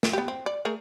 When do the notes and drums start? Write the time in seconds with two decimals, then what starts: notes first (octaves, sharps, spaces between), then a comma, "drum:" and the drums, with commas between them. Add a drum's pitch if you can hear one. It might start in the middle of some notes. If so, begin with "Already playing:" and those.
0.03 drum: snare
0.13 B3 G4
0.28 C4
0.46 D5
0.65 A3 G#4 A#4